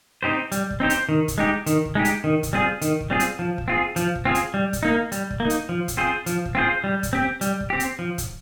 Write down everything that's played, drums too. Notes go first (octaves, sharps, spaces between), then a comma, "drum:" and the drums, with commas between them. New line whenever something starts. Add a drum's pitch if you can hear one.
C4 D#4 G4 C5
G3, drum: hi-hat
drum: kick
C4 D#4 G4 C5
drum: hi-hat
D#3
drum: kick, hi-hat
G#3 D#4 G4
D#3, drum: hi-hat
drum: kick
G#3 D#4 G4
drum: hi-hat
D#3
drum: kick, hi-hat
G3 C4 F4 G#4
D#3, drum: hi-hat
drum: kick
G3 C4 F4 G#4
drum: hi-hat
F3
drum: kick
C4 F4 G#4
F3, drum: hi-hat
drum: kick
C4 F4 G#4
drum: hi-hat
G3
drum: kick, hi-hat
A#3 D#4
G3, drum: hi-hat
drum: kick
A#3 D#4
drum: hi-hat
F3
drum: kick, hi-hat
C4 F4 G#4 C5
F3, drum: hi-hat
drum: kick
C4 F4 G#4 C5
G3
drum: kick, hi-hat
C4 G4
G3, drum: hi-hat
drum: kick
C4 G4
drum: hi-hat
F3
drum: kick, hi-hat